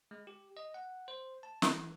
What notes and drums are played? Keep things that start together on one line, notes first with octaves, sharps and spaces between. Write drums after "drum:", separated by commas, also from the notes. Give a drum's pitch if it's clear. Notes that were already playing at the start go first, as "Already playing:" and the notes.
G#3
G4
D#5
F#5
C5
A5
E3, drum: snare